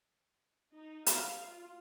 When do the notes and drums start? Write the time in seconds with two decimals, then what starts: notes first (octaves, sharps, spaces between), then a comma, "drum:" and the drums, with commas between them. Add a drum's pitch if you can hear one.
0.73 D#4
1.06 F5, drum: hi-hat
1.46 F4